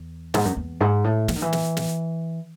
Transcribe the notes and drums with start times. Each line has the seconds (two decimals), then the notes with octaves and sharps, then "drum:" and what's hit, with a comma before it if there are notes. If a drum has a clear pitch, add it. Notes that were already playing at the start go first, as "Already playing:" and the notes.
Already playing: E2
0.34 G#2, drum: snare
0.45 F#2
0.57 E2
0.80 G#2
1.04 A2
1.28 E3, drum: snare
1.36 D#3
1.42 E3
1.53 drum: snare
1.77 drum: snare